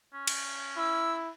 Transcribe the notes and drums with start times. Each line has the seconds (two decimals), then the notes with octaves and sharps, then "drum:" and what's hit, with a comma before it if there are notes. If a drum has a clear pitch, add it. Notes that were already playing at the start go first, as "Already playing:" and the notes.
0.14 C#4
0.27 drum: cymbal
0.77 E4 E6